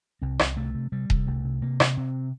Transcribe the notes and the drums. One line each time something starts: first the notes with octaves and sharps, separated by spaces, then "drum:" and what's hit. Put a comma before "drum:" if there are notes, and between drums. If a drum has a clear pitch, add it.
C2 C4
C2, drum: rim click
C3 A3
C3
C3 G3
C3, drum: kick D#1
C2 A3
C3
C3 A#3
C3, drum: rim click
C3 C4